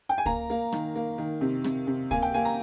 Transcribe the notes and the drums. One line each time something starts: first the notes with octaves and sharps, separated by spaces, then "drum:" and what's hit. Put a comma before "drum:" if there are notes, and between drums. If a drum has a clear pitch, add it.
G5
G#5
A#3 A#5, drum: kick C#2
A#3
D#3, drum: rim click
A#3
D#3
C3
C3, drum: rim click
C3
A#3 G#5, drum: kick C#2
G5
A#3 G#5
A#5